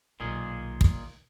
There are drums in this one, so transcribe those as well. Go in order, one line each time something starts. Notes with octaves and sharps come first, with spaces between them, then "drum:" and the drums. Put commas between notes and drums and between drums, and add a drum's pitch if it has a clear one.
B1 A#2 D#3 G#4
drum: kick